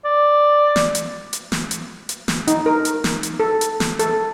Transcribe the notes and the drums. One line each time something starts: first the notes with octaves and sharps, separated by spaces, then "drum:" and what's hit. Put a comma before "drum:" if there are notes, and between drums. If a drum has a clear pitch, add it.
D5
drum: snare
drum: hi-hat
drum: hi-hat
drum: snare
drum: hi-hat
drum: hi-hat
drum: snare
D#4, drum: hi-hat
A#4
drum: hi-hat
drum: snare
drum: hi-hat
A4
drum: hi-hat
drum: snare
A4, drum: hi-hat